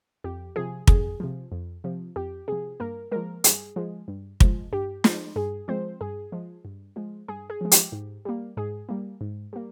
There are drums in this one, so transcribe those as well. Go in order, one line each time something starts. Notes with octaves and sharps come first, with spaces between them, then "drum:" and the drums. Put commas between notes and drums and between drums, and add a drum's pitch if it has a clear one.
F2 G4
C3 F3 G#4
F2 G#4, drum: kick
C3 F3
F2
C3 F3
F2 G4
C3 F3 G#4
G2 A#3 A#4
F3 G#3 A#3 A#4
G2 G#4, drum: hi-hat
F3 G#3
G2
F3 G#3, drum: kick
G2 G4
F3 G#3, drum: snare
G2 G#4
F3 G#3 C4 C5
G2 G#4
F3 G#3
G2
F3 G#3
G2 G#4
G#4
F3 G#3
G4, drum: hi-hat
G#2
G3 A#3
G#2 G#4
G3 A#3
G#2
G3 A#3